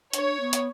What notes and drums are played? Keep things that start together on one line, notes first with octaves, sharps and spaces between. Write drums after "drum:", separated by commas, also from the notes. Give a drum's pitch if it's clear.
D4 C#5, drum: hi-hat
B3
drum: hi-hat